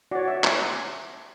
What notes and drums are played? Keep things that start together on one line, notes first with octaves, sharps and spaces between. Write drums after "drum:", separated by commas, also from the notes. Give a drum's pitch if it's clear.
F#4 C#5 D5
E5
G#5, drum: clap